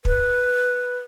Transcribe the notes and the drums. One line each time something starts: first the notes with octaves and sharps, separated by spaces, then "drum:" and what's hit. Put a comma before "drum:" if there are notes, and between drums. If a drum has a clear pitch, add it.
B4, drum: kick